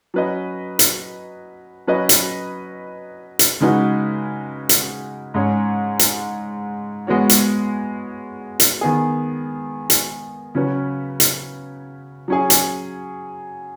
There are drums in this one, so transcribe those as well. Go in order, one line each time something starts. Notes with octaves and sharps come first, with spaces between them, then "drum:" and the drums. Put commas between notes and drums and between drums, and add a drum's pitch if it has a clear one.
F#3 C#4 B4 D#5
drum: hi-hat
F#3 C#4 B4 D#5
drum: hi-hat
drum: hi-hat
C#3 G#3 D#4 F#4 B4
drum: hi-hat
G#2 G#3 C#4 G#4 C#5
drum: hi-hat
G#3 B3 F#4 C#5
drum: hi-hat
drum: hi-hat
D#3 B3 G#4
drum: hi-hat
C#3 F#3 C#4 B4
drum: hi-hat
F#3 C#4 G#4
drum: hi-hat